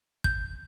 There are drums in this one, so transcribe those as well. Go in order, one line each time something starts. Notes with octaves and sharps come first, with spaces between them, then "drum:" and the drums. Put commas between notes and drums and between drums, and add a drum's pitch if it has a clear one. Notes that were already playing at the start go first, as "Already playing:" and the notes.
G6, drum: kick